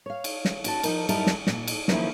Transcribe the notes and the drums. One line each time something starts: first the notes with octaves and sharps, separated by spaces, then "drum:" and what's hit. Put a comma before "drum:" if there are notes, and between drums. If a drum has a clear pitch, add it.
C#5 F5
drum: cymbal
drum: snare
C#4 F#4 A5, drum: cymbal
F3 D#4 A#4, drum: cymbal
F#2 G3 D#4 E4 A#4 A5, drum: cymbal
drum: snare
A#2, drum: snare
drum: cymbal
D#3 F3 F#3 A#3 C#4 E4, drum: snare